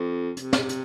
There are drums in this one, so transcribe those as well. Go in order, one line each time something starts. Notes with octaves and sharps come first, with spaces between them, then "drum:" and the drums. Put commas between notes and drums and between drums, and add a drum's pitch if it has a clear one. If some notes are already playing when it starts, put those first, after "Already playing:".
Already playing: F2
C3, drum: hi-hat
drum: snare
drum: hi-hat